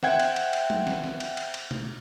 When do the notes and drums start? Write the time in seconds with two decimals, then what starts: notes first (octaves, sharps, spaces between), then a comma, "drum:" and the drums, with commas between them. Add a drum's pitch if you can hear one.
0.03 C5 E5 F#5 G5 G#6, drum: snare
0.19 drum: cymbal
0.36 drum: cymbal
0.53 drum: cymbal
0.70 drum: tom F#3
0.87 drum: snare
1.04 drum: snare
1.20 drum: cymbal
1.37 drum: cymbal
1.54 drum: cymbal
1.71 drum: tom B2